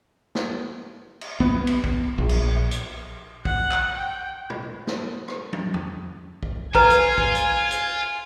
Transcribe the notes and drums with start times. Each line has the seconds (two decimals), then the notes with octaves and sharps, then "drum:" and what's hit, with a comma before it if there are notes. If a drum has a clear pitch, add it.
0.35 drum: snare
1.21 drum: cymbal
1.40 B3, drum: kick
1.67 drum: cymbal
1.84 drum: kick
2.18 A#1
2.29 drum: cymbal
2.71 drum: hi-hat
3.45 F#5, drum: kick
3.72 drum: clap
3.98 G5
4.50 drum: tom
4.87 drum: snare
5.28 drum: rim click
5.53 drum: tom
5.74 drum: tom
6.43 drum: kick
6.75 F4 B4 G#5 A#5, drum: kick
6.90 drum: hi-hat
7.18 drum: kick
7.35 drum: hi-hat
7.71 drum: hi-hat